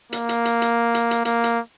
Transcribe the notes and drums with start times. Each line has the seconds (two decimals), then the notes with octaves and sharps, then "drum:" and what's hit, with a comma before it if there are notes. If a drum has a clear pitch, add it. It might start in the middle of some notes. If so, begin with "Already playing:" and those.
0.13 A#3, drum: hi-hat
0.29 drum: hi-hat
0.45 drum: hi-hat
0.62 drum: hi-hat
0.95 drum: hi-hat
1.11 drum: hi-hat
1.25 A#3, drum: hi-hat
1.44 drum: hi-hat